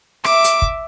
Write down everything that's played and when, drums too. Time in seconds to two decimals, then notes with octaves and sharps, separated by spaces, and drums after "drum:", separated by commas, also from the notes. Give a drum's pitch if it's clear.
0.25 E5 D6, drum: rim click
0.44 drum: hi-hat
0.62 drum: kick